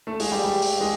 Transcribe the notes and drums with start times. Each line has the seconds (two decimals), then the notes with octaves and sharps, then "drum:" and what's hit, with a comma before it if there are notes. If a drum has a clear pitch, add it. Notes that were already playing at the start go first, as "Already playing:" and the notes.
0.07 A3 A4
0.20 G#3 G#4, drum: open hi-hat
0.32 G3 G4
0.44 G3 G4
0.62 drum: open hi-hat
0.81 G#3 G#4